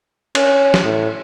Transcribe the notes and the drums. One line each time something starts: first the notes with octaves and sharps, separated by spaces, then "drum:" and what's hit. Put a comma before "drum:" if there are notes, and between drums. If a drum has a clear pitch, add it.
C#4, drum: cymbal
drum: snare
A2